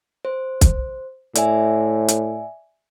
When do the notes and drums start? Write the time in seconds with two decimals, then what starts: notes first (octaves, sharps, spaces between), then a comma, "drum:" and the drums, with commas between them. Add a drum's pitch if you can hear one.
0.25 C5
0.61 drum: kick, hi-hat
1.35 A2 D5 E5 G#5, drum: hi-hat
2.08 drum: hi-hat